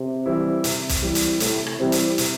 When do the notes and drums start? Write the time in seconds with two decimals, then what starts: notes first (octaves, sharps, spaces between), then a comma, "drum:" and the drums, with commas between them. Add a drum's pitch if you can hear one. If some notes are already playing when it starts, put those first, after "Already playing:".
Already playing: C3
0.26 E3 G3 C4 E4
0.64 C3, drum: hi-hat
0.89 drum: kick B1, hi-hat
1.02 E3 G3 C4 E4
1.15 drum: hi-hat
1.40 A2 C3, drum: hi-hat
1.66 drum: rim click
1.80 C3 E3 G3 C4 E4
1.92 drum: hi-hat
2.18 C3, drum: hi-hat